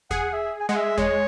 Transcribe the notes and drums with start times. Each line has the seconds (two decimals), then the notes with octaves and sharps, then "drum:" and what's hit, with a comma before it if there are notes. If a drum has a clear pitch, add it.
0.10 G#4 F#5, drum: kick
0.33 E5
0.60 G#5
0.69 G#3 F#5
0.76 E5
0.98 G#3 C#5, drum: kick